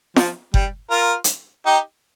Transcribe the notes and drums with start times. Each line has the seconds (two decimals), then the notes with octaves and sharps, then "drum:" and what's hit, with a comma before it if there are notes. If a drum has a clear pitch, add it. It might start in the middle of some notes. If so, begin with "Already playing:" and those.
0.16 F3, drum: snare F4
0.54 G3, drum: kick F#1
0.90 F4 A#4
1.24 drum: hi-hat
1.66 D#4 G4